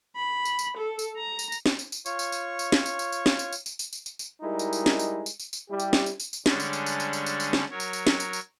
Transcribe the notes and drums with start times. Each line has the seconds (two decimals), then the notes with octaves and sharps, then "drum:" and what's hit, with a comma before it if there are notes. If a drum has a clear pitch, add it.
0.16 B5
0.45 drum: tambourine
0.59 drum: tambourine
0.78 A4
0.99 drum: tambourine
1.17 A#5
1.39 drum: tambourine
1.52 drum: tambourine
1.66 drum: snare
1.79 drum: tambourine
1.92 drum: tambourine
2.06 F4 C#5 C#6, drum: tambourine
2.19 drum: tambourine
2.32 drum: tambourine
2.59 drum: tambourine
2.72 drum: snare
2.86 drum: tambourine
2.99 drum: tambourine
3.12 drum: tambourine
3.26 drum: snare
3.39 drum: tambourine
3.53 drum: tambourine
3.66 drum: tambourine
3.79 drum: tambourine
3.93 drum: tambourine
4.06 drum: tambourine
4.19 drum: tambourine
4.41 G3 G#3 D#4 E4 A#4
4.59 drum: tambourine
4.73 drum: tambourine
4.86 drum: snare
4.99 drum: tambourine
5.26 drum: tambourine
5.39 drum: tambourine
5.53 drum: tambourine
5.69 G3 E4 G4
5.80 drum: tambourine
5.93 drum: snare
6.06 drum: tambourine
6.20 drum: tambourine
6.33 drum: tambourine
6.46 D3 G3 G#3 C#4 D4, drum: snare
6.60 drum: tambourine
6.73 drum: tambourine
6.86 drum: tambourine
7.00 drum: tambourine
7.13 drum: tambourine
7.26 drum: tambourine
7.40 drum: tambourine
7.53 drum: snare
7.71 F#3 A#4 C#5
7.80 drum: tambourine
7.93 drum: tambourine
8.07 drum: snare
8.20 drum: tambourine
8.33 drum: tambourine